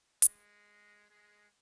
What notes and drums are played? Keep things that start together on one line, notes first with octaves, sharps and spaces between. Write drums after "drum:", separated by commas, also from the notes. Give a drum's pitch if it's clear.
G#3, drum: hi-hat
G#3